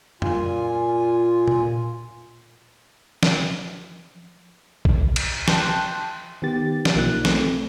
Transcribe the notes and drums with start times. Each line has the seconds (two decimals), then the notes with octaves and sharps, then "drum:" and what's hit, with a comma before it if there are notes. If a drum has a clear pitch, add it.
0.22 A#2 F4 G#5, drum: tom F2
1.48 drum: tom A#2
3.23 F3, drum: snare
4.85 drum: kick A#1
5.16 drum: cymbal
5.48 G5 A5 C6 F#6 G6, drum: snare
6.42 D#3 B3 G4 A6
6.85 drum: snare
6.95 B1 F3 A#3 D#4 F#6
7.25 A3 C4, drum: snare